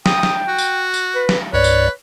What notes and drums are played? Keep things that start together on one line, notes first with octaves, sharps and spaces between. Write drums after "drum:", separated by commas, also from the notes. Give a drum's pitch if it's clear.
G5 D#6, drum: snare
drum: snare
F#4
drum: tambourine
drum: tambourine
B4
drum: snare
C2 G2 B4 C#5 D5
drum: tambourine